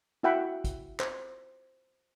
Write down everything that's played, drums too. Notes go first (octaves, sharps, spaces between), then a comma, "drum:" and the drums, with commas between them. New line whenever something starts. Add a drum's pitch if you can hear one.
E4 F#4 E5 F#5 G5 B5
drum: kick, hi-hat
C5, drum: clap